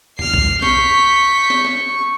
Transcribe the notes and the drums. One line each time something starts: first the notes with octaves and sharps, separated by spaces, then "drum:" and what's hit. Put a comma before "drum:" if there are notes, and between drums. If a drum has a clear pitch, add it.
F6 C7, drum: tom E2
drum: kick B1
C#6 G6 B6, drum: snare
drum: snare
drum: snare